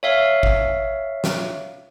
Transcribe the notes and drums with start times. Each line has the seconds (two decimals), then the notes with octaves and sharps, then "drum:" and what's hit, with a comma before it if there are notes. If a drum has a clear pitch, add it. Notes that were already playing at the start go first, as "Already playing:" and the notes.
0.03 C#5 E5 F5
0.43 drum: kick G#1
1.24 drum: snare